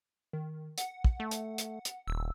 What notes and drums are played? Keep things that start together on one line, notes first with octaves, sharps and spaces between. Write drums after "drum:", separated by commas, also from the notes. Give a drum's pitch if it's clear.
D#3
F#5, drum: hi-hat
drum: kick
A3
drum: hi-hat
drum: hi-hat
drum: hi-hat
D#1 E6